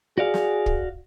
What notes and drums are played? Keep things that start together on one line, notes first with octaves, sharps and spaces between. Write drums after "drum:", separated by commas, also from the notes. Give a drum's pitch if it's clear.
F#4 G#4 D5 F5
drum: snare
drum: kick